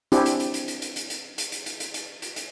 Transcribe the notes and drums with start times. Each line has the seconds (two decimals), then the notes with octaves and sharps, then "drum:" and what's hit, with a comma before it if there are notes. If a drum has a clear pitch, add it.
0.12 C4 D4 E4 G4 G#4, drum: hi-hat
0.26 drum: hi-hat
0.40 drum: hi-hat
0.54 drum: hi-hat
0.68 drum: hi-hat
0.82 drum: hi-hat
0.96 drum: hi-hat
1.10 drum: hi-hat
1.38 drum: hi-hat
1.52 drum: hi-hat
1.66 drum: hi-hat
1.80 drum: hi-hat
1.94 drum: hi-hat
2.22 drum: hi-hat
2.36 drum: hi-hat